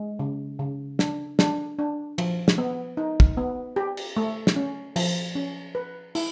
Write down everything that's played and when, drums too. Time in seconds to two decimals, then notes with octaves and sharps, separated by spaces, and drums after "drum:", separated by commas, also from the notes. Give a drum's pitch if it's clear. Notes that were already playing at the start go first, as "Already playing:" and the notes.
Already playing: G#3
0.19 C#3
0.59 C#3
0.99 D4, drum: snare
1.39 D4, drum: snare
1.79 D4
2.18 F3, drum: cymbal
2.48 drum: snare
2.58 B3
2.97 D#4
3.20 drum: kick
3.37 B3
3.76 G4
3.97 drum: cymbal
4.17 A3
4.47 drum: snare
4.56 C#4
4.96 F3, drum: cymbal
5.35 C#4
5.75 B4
6.15 E4, drum: open hi-hat